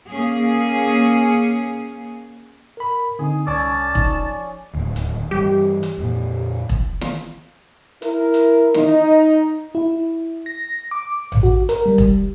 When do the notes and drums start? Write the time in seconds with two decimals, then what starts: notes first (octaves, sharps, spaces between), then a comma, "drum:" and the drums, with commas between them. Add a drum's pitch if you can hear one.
0.10 A#3 C#4 G#4
2.77 A#4 B5
3.19 D3 C4 D#4 G#4
3.47 C2 C#4 D5 A5 E6
3.95 F3 D#4, drum: kick E1
4.74 D1 D#2
4.96 drum: hi-hat
5.31 G2 E3 G3 G4
5.83 drum: hi-hat
5.98 F2 A#2
6.69 drum: kick E1
7.01 drum: snare
8.02 E4 A#4, drum: hi-hat
8.34 drum: hi-hat
8.74 D#4, drum: snare
9.75 E4
10.46 A#6
10.91 D6
11.32 drum: tom A1
11.43 F#4
11.69 A#4, drum: hi-hat
11.86 G3
11.98 drum: kick E1